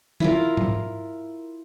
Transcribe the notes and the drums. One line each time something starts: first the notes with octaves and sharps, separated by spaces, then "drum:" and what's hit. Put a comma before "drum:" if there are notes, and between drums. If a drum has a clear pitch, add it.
E4 F4 A#4, drum: tom D#3
drum: tom G#2